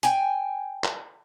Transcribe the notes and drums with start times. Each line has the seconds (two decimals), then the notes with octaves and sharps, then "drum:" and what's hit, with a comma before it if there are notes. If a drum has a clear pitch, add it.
0.03 G5 G#5, drum: hi-hat
0.84 drum: clap